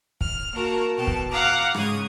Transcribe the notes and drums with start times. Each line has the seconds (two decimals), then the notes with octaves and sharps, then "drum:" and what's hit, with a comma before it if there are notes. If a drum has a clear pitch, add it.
0.21 F6, drum: kick
0.51 A#3 F#4 A#4 A5
0.97 B2 G5 A5
1.07 drum: kick
1.30 F5 F#5 A#5 D6
1.74 G#2 C#3 D#6 G#6, drum: rim click